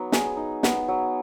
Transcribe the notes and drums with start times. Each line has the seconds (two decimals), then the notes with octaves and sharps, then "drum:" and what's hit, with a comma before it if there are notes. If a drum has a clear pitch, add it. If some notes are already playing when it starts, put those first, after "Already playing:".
Already playing: F#3 B3 D#4
0.12 G#4, drum: snare
0.37 D#4
0.63 B3, drum: snare
0.88 F#3